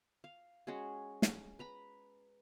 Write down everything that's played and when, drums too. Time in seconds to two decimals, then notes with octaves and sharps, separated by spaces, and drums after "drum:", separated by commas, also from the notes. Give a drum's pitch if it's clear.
0.24 F5
0.67 G#3 C#4 F#4 G#4
1.22 drum: snare
1.59 B4 A#5 B5